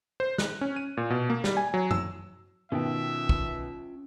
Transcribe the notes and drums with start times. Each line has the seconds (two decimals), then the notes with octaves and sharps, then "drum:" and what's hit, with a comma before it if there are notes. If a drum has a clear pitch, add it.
0.20 C5
0.38 F#6, drum: snare
0.61 C#4
0.76 D#7
0.97 A#2
1.10 B2
1.30 A#3
1.44 G3, drum: snare
1.57 G#5
1.74 F#3
1.91 E6, drum: tom F#2
2.72 B2 D#3 C#4 F4 E5 G5
3.29 drum: kick